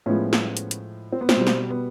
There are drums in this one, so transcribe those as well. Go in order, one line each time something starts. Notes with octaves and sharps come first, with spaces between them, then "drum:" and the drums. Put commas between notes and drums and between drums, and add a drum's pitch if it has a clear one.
A2 F3 G#3 B3 C#4
drum: snare
drum: hi-hat
drum: hi-hat
C4
B3
C4, drum: snare
B2 G3
drum: snare
B3